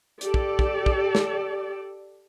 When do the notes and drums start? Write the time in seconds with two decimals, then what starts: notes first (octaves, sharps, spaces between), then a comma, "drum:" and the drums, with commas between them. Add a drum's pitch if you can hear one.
0.21 G4 A4 D5, drum: hi-hat
0.34 drum: kick
0.59 drum: kick
0.86 drum: kick
1.15 drum: snare